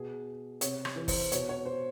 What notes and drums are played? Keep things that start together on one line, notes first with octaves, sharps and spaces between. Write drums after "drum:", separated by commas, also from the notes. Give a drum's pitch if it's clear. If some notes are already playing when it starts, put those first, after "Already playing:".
Already playing: B2 G#4
C3 C#5, drum: hi-hat
drum: rim click
E3
C5, drum: kick, open hi-hat
B2 C#5, drum: hi-hat
C#5
C5